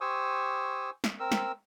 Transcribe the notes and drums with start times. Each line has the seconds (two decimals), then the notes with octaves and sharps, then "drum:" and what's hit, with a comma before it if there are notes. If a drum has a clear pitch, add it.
0.01 G4 C5 G#5 C#6 D#6 E6
1.04 drum: snare
1.20 C4 A#4 E6
1.32 drum: snare